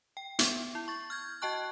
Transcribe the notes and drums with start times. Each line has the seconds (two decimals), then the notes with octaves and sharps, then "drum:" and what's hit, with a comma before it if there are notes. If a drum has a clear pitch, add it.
0.17 G5
0.39 B3, drum: hi-hat
0.75 E4
0.88 C#6 A6
1.10 F6 G6 G#6
1.42 F#4 D#5 G5 A5 C#6 F#6